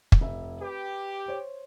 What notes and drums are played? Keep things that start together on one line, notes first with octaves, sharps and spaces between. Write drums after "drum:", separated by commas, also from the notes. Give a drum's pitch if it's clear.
drum: kick
F1 E5
G4 B4
C5 C#5